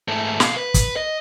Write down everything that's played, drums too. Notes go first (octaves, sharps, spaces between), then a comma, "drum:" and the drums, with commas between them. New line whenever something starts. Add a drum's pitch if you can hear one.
G#2 A3
B2 F5, drum: snare
B4
drum: kick, hi-hat
D#5